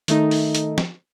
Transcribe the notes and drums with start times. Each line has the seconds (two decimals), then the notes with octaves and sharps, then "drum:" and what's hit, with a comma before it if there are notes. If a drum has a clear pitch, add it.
0.08 D#3 A3 D#4, drum: hi-hat
0.31 drum: open hi-hat
0.55 drum: hi-hat
0.78 drum: snare